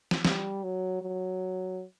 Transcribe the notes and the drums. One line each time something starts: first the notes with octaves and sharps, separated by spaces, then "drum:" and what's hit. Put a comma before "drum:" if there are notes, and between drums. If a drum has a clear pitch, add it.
drum: snare
G3, drum: snare
F#3
F#3